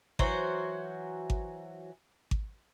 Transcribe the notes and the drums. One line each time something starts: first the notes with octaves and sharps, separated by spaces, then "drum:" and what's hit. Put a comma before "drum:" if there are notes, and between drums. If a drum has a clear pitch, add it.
E3 F#3 F#4 C5, drum: kick G#1
drum: kick G#1
drum: kick G#1